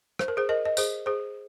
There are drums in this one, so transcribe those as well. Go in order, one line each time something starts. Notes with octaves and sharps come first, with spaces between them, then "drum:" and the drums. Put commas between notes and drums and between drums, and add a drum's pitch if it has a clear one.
C5, drum: rim click
A#4
G#4 C5
A#4 D#5
D#5
G#4 C5, drum: tambourine
G#4 C5